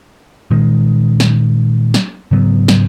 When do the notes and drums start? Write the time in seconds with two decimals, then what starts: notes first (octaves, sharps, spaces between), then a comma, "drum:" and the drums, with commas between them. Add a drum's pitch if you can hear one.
0.51 A#2 D#3 G#3
1.20 drum: snare
1.94 drum: snare
2.31 G#2 C#3 F#3 B3
2.68 drum: snare